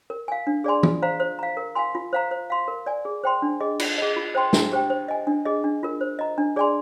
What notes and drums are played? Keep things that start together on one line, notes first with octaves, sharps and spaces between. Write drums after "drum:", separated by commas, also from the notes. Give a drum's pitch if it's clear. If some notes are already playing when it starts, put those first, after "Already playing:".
A#4
F5 G#5
D4
G#4 D5 G#5 C6
F4, drum: tom E3
C5 F5 A#5
C5
F5 A#5
A#4
F5 G#5 C6
F4
C5 F5 A#5
C5
F5 C6
A#4
D5 G#5
G#4
C5 G5 C6
D4
G#4 D#5
F4, drum: cymbal
G#4 D#5
F4
C5 G5 C6
D4, drum: snare
G4 C5 G5
C5
D#5 G#5
D4
G#4 D#5
D4
F4 A#4
C5
D#5 A#5
D4
G#4 D5 G#5 C6